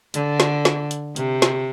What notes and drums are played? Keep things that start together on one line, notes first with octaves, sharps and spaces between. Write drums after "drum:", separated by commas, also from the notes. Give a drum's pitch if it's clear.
D3, drum: hi-hat
drum: snare
drum: snare
drum: hi-hat
C3, drum: hi-hat
drum: snare